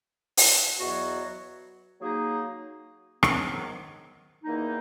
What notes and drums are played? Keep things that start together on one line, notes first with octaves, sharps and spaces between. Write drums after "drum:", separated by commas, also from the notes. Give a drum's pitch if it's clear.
drum: open hi-hat
E2 B2 F#3 B3 F#4
F#3 A#3 D#4 G#4
G#2 D#3 F#3 B3, drum: rim click
E2 D#3 A#3 D#4